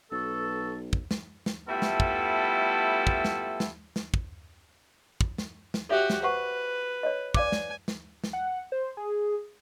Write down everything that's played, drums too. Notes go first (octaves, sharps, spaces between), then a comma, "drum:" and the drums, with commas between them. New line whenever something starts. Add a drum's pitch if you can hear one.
B1 B3 F#4 A4
drum: kick
drum: snare
drum: snare
G3 A3 B3 E4 F4 A4
drum: snare
drum: kick
drum: kick
drum: snare
drum: snare
drum: snare
drum: kick
drum: kick
drum: snare
drum: snare
F#4 G4 A4 C#5 E5
drum: snare
B4 C5 F#5 C#6
C#5 D#5
D5 F5 G#5 D6, drum: kick
drum: snare
drum: snare
drum: snare
F#5
C5
G#4